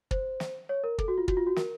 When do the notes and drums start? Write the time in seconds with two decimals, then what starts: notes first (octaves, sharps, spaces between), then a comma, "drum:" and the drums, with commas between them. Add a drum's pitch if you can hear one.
0.11 C5, drum: kick
0.40 drum: snare
0.69 C#5
0.84 A#4
0.98 A4, drum: kick
1.08 F#4
1.18 F4
1.28 F#4, drum: kick
1.37 F4
1.47 F#4
1.56 A#4, drum: snare